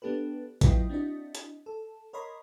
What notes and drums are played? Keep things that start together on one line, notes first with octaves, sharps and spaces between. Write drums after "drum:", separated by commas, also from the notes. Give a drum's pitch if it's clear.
B3 D4 G4 A4 B4
F#3 E4 F4 B4 D#5 G5, drum: kick A1, hi-hat
C4 D4 E4 F#4 D#5
drum: hi-hat
A4
A#4 C#5 D#5 B5 C6